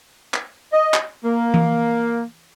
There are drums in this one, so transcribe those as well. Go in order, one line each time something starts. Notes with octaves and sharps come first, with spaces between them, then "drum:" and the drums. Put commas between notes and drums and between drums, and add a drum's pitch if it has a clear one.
drum: clap
D#5
drum: clap
A#3
drum: tom E3